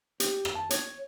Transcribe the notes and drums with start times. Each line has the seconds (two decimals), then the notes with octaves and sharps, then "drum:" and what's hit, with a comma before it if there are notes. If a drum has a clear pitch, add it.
0.20 G4, drum: hi-hat
0.45 drum: rim click
0.55 A5
0.70 C#5, drum: hi-hat